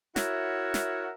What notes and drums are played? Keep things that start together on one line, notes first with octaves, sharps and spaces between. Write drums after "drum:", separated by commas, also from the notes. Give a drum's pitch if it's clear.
E4 F#4 A#4 C#5 E5 F#5, drum: snare
drum: snare